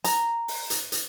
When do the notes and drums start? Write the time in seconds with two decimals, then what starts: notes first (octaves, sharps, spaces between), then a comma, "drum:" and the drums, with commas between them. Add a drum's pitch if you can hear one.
0.04 A#5, drum: hi-hat
0.48 drum: open hi-hat
0.70 drum: hi-hat
0.92 drum: hi-hat